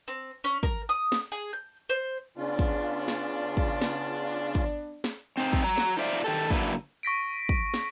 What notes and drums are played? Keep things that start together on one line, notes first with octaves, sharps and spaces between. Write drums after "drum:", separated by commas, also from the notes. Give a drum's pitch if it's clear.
C4
C#4
A#4, drum: kick
D#6
drum: snare
G#4
G6
C5
C#3 B3 C#4 D4 F4
drum: kick
drum: snare
drum: kick
drum: snare
drum: kick
drum: snare
C4 D#4 C5
drum: kick
F#3 C#5 A#5
drum: snare
D#4 F4 C5 D5 E5 F5
D#3 G4 A4
C#3 F#3 A#3 D4 E4 B4, drum: kick
C#6 A#6 B6 D7
drum: kick
drum: snare